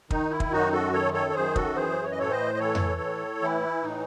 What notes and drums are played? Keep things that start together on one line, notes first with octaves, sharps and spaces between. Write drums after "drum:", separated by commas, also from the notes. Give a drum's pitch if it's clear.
D#3 D#4, drum: kick
E4
drum: kick
F#2 D#4 F#4
F#4 A4
D#3 A4 C#5
A4 C#5
C#5
F#2 G#4 C5
F#4 A4, drum: kick
E3 G#4 C5
C#5
D#5
A2 A4 C#5
C5 D#5
D#5
E3 A4 C#5
drum: tom F2
A2
E3 E4
A2 D#4